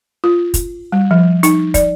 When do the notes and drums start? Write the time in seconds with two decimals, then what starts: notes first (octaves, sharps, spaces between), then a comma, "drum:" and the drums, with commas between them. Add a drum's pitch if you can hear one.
0.24 F4
0.54 drum: kick, hi-hat
0.92 G3
1.11 F3
1.43 D#4, drum: hi-hat
1.74 D5, drum: kick, hi-hat